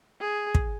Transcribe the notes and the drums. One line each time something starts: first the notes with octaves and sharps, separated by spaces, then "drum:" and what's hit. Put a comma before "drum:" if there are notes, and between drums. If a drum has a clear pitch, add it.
G#4
drum: kick